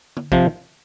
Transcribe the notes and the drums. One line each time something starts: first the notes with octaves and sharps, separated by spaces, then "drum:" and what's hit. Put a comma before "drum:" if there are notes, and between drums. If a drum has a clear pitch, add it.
drum: tom
C3 F3, drum: kick